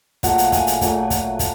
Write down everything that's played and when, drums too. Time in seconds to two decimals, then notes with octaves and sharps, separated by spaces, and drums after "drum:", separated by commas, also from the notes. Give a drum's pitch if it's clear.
0.23 A#2 F#3 A3 F#5, drum: kick, hi-hat
0.38 drum: hi-hat
0.52 G#5, drum: kick, hi-hat
0.67 drum: hi-hat
0.81 A#2 F#3 A3, drum: kick, hi-hat
1.10 drum: kick, hi-hat
1.39 drum: kick, hi-hat